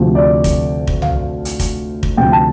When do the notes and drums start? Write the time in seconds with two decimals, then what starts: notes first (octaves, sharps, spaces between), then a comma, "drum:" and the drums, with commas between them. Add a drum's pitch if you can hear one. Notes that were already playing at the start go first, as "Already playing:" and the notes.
Already playing: D2 C3 F3
0.15 D5
0.44 drum: kick, hi-hat
0.87 drum: kick
1.02 F5, drum: tom B1
1.45 drum: hi-hat
1.60 drum: kick, hi-hat
2.03 drum: kick
2.17 D2 C3 F3 G5
2.32 A5